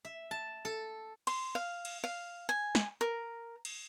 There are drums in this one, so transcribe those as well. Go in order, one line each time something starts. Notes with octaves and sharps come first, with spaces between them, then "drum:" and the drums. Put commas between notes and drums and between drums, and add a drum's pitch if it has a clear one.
E5
A5
A4
C6, drum: cymbal
F5
drum: cymbal
F5
G#5
drum: snare
A#4
drum: cymbal